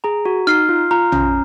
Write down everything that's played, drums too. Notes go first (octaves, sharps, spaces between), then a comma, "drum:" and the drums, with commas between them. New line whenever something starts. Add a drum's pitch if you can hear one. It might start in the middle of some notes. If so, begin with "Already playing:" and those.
G#4 A#5
F#4
D#4 F6 C7
F4
F4 A#5
C#4, drum: tom A#1